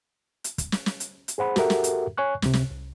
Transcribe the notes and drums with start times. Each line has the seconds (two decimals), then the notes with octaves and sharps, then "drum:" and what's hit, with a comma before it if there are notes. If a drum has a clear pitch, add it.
0.44 drum: hi-hat
0.58 drum: kick, hi-hat
0.72 drum: snare
0.86 drum: snare
1.00 drum: hi-hat
1.28 drum: hi-hat
1.38 G#4 C5 F#5 B5
1.56 F#4 G4 A4 A#4 E5 F#5, drum: snare
1.70 drum: snare
1.84 drum: hi-hat
2.17 C#5 G#5 C#6 F#6
2.42 C#2 C3, drum: snare
2.53 drum: snare
2.71 C2